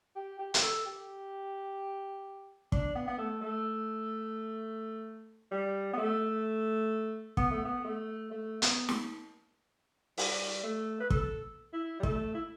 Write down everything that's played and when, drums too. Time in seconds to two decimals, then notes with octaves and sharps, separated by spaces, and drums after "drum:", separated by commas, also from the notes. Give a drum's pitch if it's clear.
0.16 G4
0.39 G4
0.54 G4, drum: hi-hat
0.62 A4
0.86 G4
2.72 D4, drum: kick
2.95 B3
3.07 B3
3.18 A3
3.42 A3
5.51 G3
5.93 B3
5.98 A3
7.37 B3, drum: kick
7.51 A3
7.65 B3
7.85 A3
8.31 A3
8.62 B3, drum: hi-hat
8.89 drum: snare
10.18 G3, drum: open hi-hat
10.63 A3
11.00 B4
11.10 A4, drum: kick
11.73 E4
12.00 G3
12.03 A3, drum: kick
12.35 E4